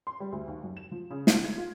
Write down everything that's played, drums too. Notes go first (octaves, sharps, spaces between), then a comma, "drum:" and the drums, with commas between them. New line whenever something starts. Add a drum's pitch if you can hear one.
C6
G3
D2
D#2
F#2
E7
F3
C#3
F4, drum: snare
G#6
F4